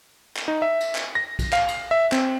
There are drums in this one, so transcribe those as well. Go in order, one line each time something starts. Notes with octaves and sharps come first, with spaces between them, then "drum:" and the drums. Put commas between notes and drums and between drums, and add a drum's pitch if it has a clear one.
drum: clap
D#4
E5
drum: cymbal
drum: clap
A#6
drum: kick B1, cymbal
F5, drum: clap
drum: cymbal
E5
C4, drum: clap